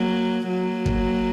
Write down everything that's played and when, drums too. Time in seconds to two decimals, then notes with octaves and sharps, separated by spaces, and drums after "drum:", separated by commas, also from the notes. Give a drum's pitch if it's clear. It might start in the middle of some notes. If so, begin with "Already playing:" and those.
Already playing: F#3 A#3
0.48 F#3 A#3
0.86 drum: kick